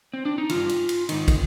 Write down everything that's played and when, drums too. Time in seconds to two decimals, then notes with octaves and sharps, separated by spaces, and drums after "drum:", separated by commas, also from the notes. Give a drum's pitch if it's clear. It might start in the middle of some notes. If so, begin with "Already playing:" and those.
0.14 C4
0.25 D4
0.38 D#4
0.50 G2 D#3 F4, drum: cymbal
0.69 drum: cymbal
0.89 drum: cymbal
1.09 G#2 D#3 D#4, drum: cymbal
1.28 drum: kick, cymbal